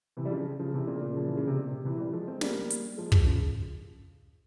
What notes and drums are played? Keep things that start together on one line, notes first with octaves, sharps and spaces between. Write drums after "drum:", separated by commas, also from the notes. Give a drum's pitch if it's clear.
C3 E3
G3
C#3 F3
C#3 F3
C3 E3
A#2 C#3
A#2 C#3
F3
E3
C#3
C3
A#2
C3
C3 E3
E3 G3
F3 G#3
G#3 C4
G3 A#3, drum: snare
drum: hi-hat
F3 G#3
F3 G#3, drum: kick
C#3 F3